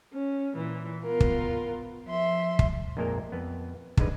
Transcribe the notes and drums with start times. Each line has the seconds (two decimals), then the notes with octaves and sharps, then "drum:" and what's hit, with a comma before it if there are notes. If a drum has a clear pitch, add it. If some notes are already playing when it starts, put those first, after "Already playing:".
0.12 C#4
0.55 A#2 E3
1.02 B3 F4 A#4
1.20 drum: kick
2.06 F3 E5 C6
2.59 drum: kick
2.97 A#1 F2 A#2 G#3 A#3 A#4
3.32 F2 B3
3.97 G#2 D3 G#3 B4, drum: kick